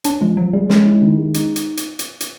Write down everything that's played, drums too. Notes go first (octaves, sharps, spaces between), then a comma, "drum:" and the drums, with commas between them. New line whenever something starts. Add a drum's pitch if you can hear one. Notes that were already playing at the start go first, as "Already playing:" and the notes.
C#4 D4, drum: hi-hat
F3 G#3
F3 F#3
G3 G#3
G#3 C#4, drum: snare
E4
D#3
G#3
D#4, drum: hi-hat
drum: hi-hat
drum: hi-hat
drum: hi-hat
drum: hi-hat